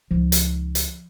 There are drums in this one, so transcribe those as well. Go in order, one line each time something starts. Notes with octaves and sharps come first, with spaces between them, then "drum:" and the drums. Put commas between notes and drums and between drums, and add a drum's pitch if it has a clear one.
C#2 F3 D#4
drum: hi-hat
drum: hi-hat